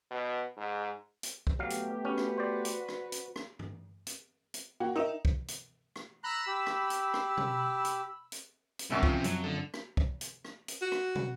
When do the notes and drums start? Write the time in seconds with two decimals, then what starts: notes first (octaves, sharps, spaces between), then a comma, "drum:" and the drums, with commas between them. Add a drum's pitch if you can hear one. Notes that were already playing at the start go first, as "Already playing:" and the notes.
0.11 B2
0.57 G#2
1.23 drum: hi-hat
1.47 drum: kick
1.59 F#3 A3 B3 G4 F5
1.70 drum: hi-hat
2.05 C#4 F#4 B4
2.18 drum: rim click
2.38 C5 D5
2.65 drum: hi-hat
2.88 drum: rim click
3.12 drum: hi-hat
3.36 drum: rim click
3.59 drum: tom G2
4.07 drum: hi-hat
4.54 drum: hi-hat
4.80 A#3 F#4 G5
4.96 D#4 A#4 E5 E7
5.25 drum: kick
5.48 drum: hi-hat
5.96 drum: rim click
6.24 A#5 B5 E6 F#6
6.47 G4
6.66 drum: rim click
6.90 drum: hi-hat
7.14 drum: rim click
7.37 drum: tom
7.85 drum: hi-hat
8.32 drum: hi-hat
8.79 drum: hi-hat
8.90 A#1 F#2 A2 C3 D5 C#6
9.03 C#3 F3 C4, drum: kick
9.24 F#2 F#3 C4, drum: hi-hat
9.44 D3 A4
9.74 drum: rim click
9.97 drum: kick
10.21 drum: hi-hat
10.45 drum: rim click
10.68 drum: hi-hat
10.82 F#4
10.92 drum: rim click
11.15 drum: tom